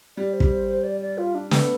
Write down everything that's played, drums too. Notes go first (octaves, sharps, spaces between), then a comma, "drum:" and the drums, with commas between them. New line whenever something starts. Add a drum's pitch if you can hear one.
G3 D5
C5
G3, drum: kick
C5
C5
D5
D5
F4
D4
A3 B3, drum: snare